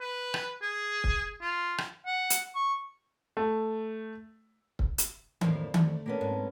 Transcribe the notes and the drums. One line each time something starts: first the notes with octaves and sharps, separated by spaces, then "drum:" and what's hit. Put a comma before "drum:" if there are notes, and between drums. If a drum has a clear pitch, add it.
B4
drum: rim click
G#4
drum: kick C#1
F4
drum: rim click
F#5
drum: hi-hat
C#6
A3
drum: kick C#1
drum: hi-hat
F2 A2 A#3 E4 C5 D5, drum: tom D#3
A3, drum: tom D#3
A#3 B3 C#4 A#4 D5 A5
G#2 C4 A5